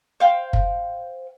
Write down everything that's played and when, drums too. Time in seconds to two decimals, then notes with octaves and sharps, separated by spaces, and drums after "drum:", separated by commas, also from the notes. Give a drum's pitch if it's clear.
0.20 C5 F5 G5
0.53 drum: kick